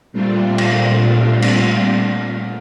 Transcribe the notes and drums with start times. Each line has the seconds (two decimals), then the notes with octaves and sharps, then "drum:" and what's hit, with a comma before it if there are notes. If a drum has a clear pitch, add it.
0.13 A#2 G3 A3 C4 D4 F4
0.58 drum: cymbal
1.42 drum: cymbal